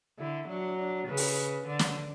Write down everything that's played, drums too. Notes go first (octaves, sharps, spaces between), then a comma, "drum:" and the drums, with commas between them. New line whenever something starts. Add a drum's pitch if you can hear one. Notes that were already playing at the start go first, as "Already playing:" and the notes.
D3 E4
F#3 D4
D4
C#3 B4
drum: open hi-hat
D3 D5
drum: snare